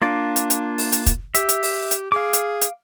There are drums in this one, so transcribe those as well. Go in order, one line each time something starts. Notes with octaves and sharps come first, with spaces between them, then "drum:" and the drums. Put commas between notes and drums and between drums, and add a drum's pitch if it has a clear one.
A#3 D4 F4 D5
drum: hi-hat
drum: hi-hat
drum: open hi-hat
drum: hi-hat
drum: kick, hi-hat
G4 E5, drum: hi-hat
drum: hi-hat
drum: open hi-hat
drum: hi-hat
G#4 F5 D6
drum: hi-hat
drum: hi-hat